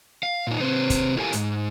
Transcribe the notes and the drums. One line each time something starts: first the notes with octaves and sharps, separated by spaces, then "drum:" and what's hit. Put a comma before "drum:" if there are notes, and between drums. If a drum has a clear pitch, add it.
F5
A#2 D#4
C3 C4 B4 C5
drum: kick, hi-hat
E4 G4 A4 A#4 F5 G#5
G#2, drum: hi-hat